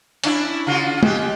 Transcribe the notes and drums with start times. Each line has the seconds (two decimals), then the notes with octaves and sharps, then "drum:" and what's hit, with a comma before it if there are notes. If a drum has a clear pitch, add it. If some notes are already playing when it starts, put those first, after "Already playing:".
0.24 C#4 D4 E4, drum: hi-hat
0.67 C#3 F4 F#4
1.03 G#3 G4, drum: tom G#3